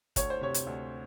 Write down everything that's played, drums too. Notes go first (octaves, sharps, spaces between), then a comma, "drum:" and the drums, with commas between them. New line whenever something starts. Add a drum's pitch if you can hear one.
D2 C#5, drum: kick, hi-hat
C5
C3 C#5
drum: hi-hat
D2